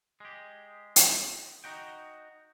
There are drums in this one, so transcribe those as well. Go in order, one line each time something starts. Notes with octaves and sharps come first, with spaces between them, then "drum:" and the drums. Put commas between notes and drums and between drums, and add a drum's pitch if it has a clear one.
G#3 G4
drum: hi-hat
D#4 F#4 G5